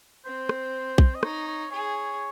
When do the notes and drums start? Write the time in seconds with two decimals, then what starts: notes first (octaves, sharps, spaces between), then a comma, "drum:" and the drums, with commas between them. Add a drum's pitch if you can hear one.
0.25 C4 C5
0.49 drum: rim click
0.98 drum: kick B1
1.15 D#5
1.23 D#4 C#5, drum: rim click
1.47 C#5
1.71 G#4 C#5